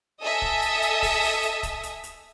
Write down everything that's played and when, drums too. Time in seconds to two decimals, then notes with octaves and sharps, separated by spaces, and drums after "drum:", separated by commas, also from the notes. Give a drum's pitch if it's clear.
0.22 A4 D#5 E5 G#5 D#6 E6
0.42 drum: kick
0.62 drum: hi-hat
0.82 drum: hi-hat
1.02 drum: kick, open hi-hat
1.23 drum: open hi-hat
1.43 drum: hi-hat
1.63 drum: kick, hi-hat
1.83 drum: hi-hat
2.03 drum: hi-hat